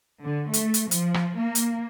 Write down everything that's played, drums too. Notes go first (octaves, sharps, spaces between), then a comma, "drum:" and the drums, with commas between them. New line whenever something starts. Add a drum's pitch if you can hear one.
D3
A3, drum: hi-hat
drum: hi-hat
F3, drum: hi-hat
drum: rim click
A#3
drum: hi-hat